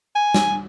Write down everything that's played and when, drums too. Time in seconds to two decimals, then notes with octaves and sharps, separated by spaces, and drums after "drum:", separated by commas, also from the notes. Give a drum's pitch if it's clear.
0.15 G#5
0.34 drum: snare